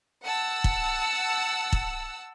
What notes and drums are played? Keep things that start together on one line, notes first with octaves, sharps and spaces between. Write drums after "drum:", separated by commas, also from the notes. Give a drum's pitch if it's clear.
F#5 A5 E6
drum: kick
drum: kick